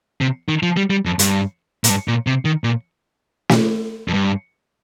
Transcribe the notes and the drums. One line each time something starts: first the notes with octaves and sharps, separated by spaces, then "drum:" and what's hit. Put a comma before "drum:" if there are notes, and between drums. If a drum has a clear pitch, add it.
C3
D#3
F3
G3
G3
F2
G2, drum: hi-hat
A#2, drum: hi-hat
G2
A#2
C3
D#3
A#2
drum: snare
F2
G2